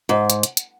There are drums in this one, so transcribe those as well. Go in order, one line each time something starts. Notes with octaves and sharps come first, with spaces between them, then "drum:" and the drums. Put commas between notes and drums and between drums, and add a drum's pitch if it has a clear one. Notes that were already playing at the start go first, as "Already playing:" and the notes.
G#2
drum: hi-hat
drum: hi-hat
drum: hi-hat